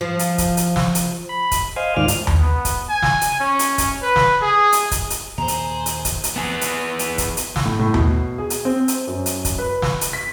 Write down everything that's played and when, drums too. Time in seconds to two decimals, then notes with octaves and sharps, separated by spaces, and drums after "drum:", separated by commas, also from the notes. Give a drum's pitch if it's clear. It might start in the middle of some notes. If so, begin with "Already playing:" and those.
0.01 F3
0.19 drum: hi-hat
0.38 drum: kick, hi-hat
0.57 drum: hi-hat
0.76 drum: snare
0.95 drum: hi-hat
1.29 B5
1.51 drum: kick, hi-hat
1.76 C5 D#5 F5 G#5
1.97 D2 G#2 D#3 F4 D5 F6
2.08 drum: hi-hat
2.27 drum: tom D#2
2.39 B3
2.65 drum: kick, hi-hat
2.89 G#5
3.03 drum: snare
3.21 drum: hi-hat
3.40 C#4
3.59 drum: hi-hat
3.78 drum: kick, hi-hat
4.02 B4
4.16 drum: snare
4.42 G#4
4.73 drum: hi-hat
4.91 drum: kick, hi-hat
5.10 drum: hi-hat
5.38 D#2 A#2 A#3 G#4 C5 A#5
5.48 drum: hi-hat
5.86 drum: hi-hat
6.05 drum: kick, hi-hat
6.24 drum: hi-hat
6.36 B3 G#4
6.61 drum: hi-hat
6.99 drum: hi-hat
7.18 drum: kick, hi-hat
7.37 drum: hi-hat
7.56 drum: snare
7.65 A2
7.79 A2
7.94 B2, drum: tom D#2
8.38 G#4
8.50 drum: hi-hat
8.65 C4
8.88 drum: hi-hat
9.07 F#2
9.26 drum: hi-hat
9.45 drum: kick, hi-hat
9.59 B4
9.82 drum: snare
10.01 drum: hi-hat
10.13 B6